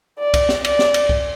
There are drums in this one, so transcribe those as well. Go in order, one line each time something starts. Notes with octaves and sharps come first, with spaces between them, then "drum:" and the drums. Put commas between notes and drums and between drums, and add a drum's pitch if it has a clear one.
D5
drum: kick C2, cymbal
drum: snare
D5, drum: cymbal
drum: snare
drum: cymbal
drum: kick C2